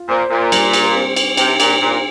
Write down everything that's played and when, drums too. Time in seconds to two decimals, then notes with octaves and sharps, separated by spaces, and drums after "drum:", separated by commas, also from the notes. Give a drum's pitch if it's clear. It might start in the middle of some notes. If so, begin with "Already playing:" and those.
Already playing: F4
0.09 A#2 C5
0.31 A#2
0.52 G3, drum: cymbal
0.73 drum: cymbal
0.95 C4
1.16 drum: cymbal
1.37 C3 G4, drum: cymbal
1.60 A#2, drum: cymbal
1.81 A#2 C5